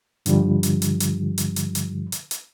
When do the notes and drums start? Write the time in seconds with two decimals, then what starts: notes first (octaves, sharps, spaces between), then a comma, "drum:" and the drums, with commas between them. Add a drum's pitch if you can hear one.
0.26 G2 D3 F3 G3, drum: hi-hat
0.63 drum: hi-hat
0.82 drum: hi-hat
1.00 drum: hi-hat
1.38 drum: hi-hat
1.56 drum: hi-hat
1.75 drum: hi-hat
2.12 drum: hi-hat
2.31 drum: hi-hat